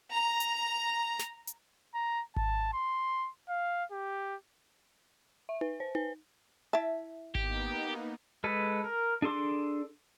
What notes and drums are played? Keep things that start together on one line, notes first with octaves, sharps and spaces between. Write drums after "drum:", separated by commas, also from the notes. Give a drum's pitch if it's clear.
A#5
drum: hi-hat
drum: snare
drum: hi-hat
A#5
A5, drum: kick G#1
C6
F5
G4
E5
B4, drum: tom D#4
C5
B4, drum: tom D#4
E4 E5 A5
A#3 B3 D#4 G4, drum: kick G#1
G#3 A4 B4
A#4
D4 G#4 A4 C6 D6